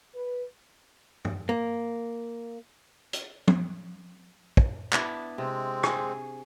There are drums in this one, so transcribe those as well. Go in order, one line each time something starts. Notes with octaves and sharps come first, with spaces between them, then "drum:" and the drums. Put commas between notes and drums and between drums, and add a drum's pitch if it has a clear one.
B4
drum: tom
A#3
drum: hi-hat
drum: tom
drum: kick
B3 D4 E4, drum: clap
C3 G#3 C4
G#4, drum: rim click